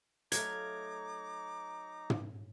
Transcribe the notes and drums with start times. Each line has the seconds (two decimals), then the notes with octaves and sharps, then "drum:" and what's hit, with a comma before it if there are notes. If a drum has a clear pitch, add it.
0.32 F#3 A3 D#4 F5 A#5 D6 G#6, drum: hi-hat
2.10 drum: tom